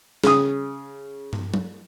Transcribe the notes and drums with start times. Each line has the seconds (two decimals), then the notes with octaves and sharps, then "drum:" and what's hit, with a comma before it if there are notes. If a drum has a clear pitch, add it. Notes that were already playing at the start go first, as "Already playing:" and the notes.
0.24 C#3 D#6, drum: snare
1.33 drum: tom
1.54 drum: tom F#3